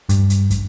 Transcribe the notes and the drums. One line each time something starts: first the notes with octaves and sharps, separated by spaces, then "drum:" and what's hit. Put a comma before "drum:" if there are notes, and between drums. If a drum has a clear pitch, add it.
G2, drum: hi-hat
drum: hi-hat
drum: kick, hi-hat